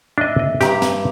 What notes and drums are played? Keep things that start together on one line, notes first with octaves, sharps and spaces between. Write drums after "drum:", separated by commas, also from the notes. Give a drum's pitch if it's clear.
D4 D#5 E5
D#5
G2 G4 A#5 D6, drum: snare
drum: snare